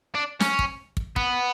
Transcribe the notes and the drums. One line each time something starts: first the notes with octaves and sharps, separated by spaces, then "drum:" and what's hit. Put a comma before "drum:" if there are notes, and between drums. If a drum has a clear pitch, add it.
D4
C#4, drum: snare
drum: kick
drum: kick
B3, drum: kick